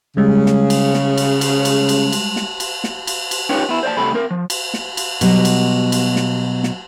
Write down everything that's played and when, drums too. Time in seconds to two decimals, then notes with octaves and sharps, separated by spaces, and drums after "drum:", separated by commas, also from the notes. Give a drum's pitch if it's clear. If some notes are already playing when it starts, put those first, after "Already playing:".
0.17 C#3 G3 G#3
0.46 drum: snare
0.70 drum: cymbal
0.94 drum: snare
1.18 drum: cymbal
1.41 drum: cymbal
1.65 drum: cymbal
1.89 drum: cymbal
2.12 drum: cymbal
2.36 drum: snare
2.60 drum: cymbal
2.84 drum: snare
3.07 drum: cymbal
3.31 drum: cymbal
3.49 C#4 D#4 F4 G4 B4 C#5
3.69 B3 E4
3.83 C5 D5 E5 A5
3.97 C2 C3 A3 A4 B5
4.14 C4 A#4
4.31 F3
4.50 drum: cymbal
4.74 drum: snare
4.97 drum: cymbal
5.21 B2 F#3 G3, drum: cymbal
5.45 drum: cymbal
5.92 drum: cymbal
6.16 drum: snare
6.63 drum: snare